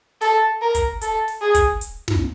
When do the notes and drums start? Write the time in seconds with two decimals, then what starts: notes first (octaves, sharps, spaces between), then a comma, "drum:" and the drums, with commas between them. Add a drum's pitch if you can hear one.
0.21 A4, drum: open hi-hat
0.61 A#4
0.75 drum: kick, hi-hat
1.01 A4, drum: hi-hat
1.28 drum: open hi-hat
1.41 G#4
1.54 drum: kick, hi-hat
1.81 drum: hi-hat
2.08 drum: snare